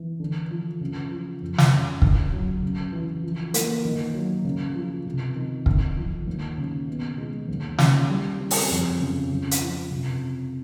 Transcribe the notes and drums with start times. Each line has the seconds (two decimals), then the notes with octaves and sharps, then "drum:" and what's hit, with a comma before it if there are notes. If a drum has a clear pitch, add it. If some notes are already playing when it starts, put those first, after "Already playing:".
Already playing: E3
0.20 D3
0.51 F3
0.81 C#3
1.11 F3
1.42 F2
1.58 drum: snare
1.72 C#3
2.02 D3, drum: kick
2.32 F#3
2.63 C#3
2.93 E3
3.23 F3
3.54 A#3, drum: hi-hat
3.85 D#3
4.14 F#3
4.45 C#3
4.76 F3
5.06 C3
5.36 D#3
5.66 D3, drum: kick
5.97 F3
6.27 D#2
6.57 C#3
6.88 B2
7.18 G#3
7.48 D#2
7.78 C#3, drum: snare
8.10 G3
8.40 C4
8.51 drum: open hi-hat
8.70 F2
9.00 C#3
9.30 C#3
9.51 drum: hi-hat
9.61 F3
9.91 C3